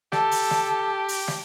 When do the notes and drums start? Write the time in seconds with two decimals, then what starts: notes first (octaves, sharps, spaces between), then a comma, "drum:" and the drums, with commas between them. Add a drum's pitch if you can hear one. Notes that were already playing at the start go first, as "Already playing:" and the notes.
0.12 G4 A4, drum: snare
0.31 drum: open hi-hat
0.51 drum: snare
1.08 drum: open hi-hat
1.28 drum: snare